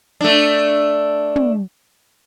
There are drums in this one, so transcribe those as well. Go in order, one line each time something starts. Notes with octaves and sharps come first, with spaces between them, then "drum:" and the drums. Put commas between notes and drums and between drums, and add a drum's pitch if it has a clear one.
A3 D4
drum: tom